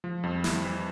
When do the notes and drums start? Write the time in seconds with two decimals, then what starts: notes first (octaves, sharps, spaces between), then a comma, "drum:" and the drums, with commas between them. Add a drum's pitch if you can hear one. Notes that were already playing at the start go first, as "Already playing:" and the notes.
0.04 F3 G#3
0.23 F2 G3
0.44 C4 E4, drum: snare
0.65 E3